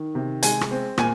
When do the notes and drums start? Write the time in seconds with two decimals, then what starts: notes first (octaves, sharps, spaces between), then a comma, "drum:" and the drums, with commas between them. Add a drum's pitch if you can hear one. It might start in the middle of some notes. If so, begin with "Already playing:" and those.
Already playing: D#3
0.15 C3
0.43 G#3 G#5, drum: hi-hat
0.61 drum: rim click
0.71 C4
0.98 A#2 G#5, drum: rim click